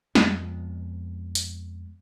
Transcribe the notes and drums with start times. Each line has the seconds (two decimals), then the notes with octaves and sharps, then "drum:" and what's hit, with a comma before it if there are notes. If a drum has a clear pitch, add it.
0.15 F2 G#3 B3, drum: snare
1.35 drum: hi-hat